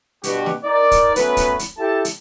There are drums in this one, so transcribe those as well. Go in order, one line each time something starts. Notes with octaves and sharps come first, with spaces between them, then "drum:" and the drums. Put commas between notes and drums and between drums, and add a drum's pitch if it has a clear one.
G2 B2 F#4 G4, drum: hi-hat
drum: snare
D#4 A#4 D5
drum: kick, hi-hat
F#3 A3 B3 C#4 B4, drum: hi-hat
drum: kick, hi-hat
drum: hi-hat
E4 G4 A4 G5 A5
drum: hi-hat